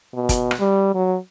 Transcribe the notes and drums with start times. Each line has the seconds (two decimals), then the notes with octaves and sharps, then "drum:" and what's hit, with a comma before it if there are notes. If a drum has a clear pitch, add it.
0.14 B2
0.29 drum: kick, hi-hat
0.51 drum: rim click
0.60 G3
0.95 F#3